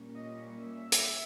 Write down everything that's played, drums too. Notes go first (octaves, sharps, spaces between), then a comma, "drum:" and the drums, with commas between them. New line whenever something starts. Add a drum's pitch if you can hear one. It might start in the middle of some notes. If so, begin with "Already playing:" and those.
Already playing: A#2 G3 A#3 C#4
D#5
E5
drum: hi-hat